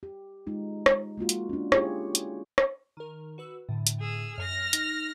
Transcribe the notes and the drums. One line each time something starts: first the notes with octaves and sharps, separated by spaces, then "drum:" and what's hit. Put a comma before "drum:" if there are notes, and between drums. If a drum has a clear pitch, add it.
G4
G#3 D#4 F4
drum: rim click
G#3 A#3 F4 F#4
drum: hi-hat
C#4 D4
E4 F4 G4 G#4 C#5, drum: rim click
drum: hi-hat
drum: rim click
D#3 A#4
F#4 B4 E6
A2 D3
drum: hi-hat
G#4 E6
F#2 F6 A#6
D#4, drum: hi-hat